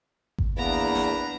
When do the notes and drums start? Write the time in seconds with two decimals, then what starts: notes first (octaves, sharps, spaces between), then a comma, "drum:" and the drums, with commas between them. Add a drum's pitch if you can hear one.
0.38 drum: kick G#1
0.57 E2 A#3 B3 D4 B4 A#5
0.95 drum: snare